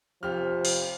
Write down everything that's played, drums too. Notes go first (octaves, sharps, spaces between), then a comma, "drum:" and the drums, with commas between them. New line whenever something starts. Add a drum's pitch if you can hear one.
F1 F3 G4 F6
drum: open hi-hat